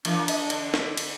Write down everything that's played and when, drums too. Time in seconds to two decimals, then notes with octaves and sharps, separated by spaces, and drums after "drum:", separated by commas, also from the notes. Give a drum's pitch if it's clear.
0.05 E3 A#3 D4, drum: cymbal
0.28 D#5, drum: cymbal
0.50 D3, drum: cymbal
0.74 drum: snare
0.97 drum: cymbal